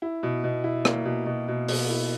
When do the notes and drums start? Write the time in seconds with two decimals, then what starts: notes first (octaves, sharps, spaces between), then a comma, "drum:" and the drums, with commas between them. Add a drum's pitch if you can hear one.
0.02 E4
0.23 B2
0.44 B2
0.64 E4
0.85 A#3, drum: rim click
1.05 B2
1.26 B2
1.48 B2
1.68 B2, drum: open hi-hat
1.89 E4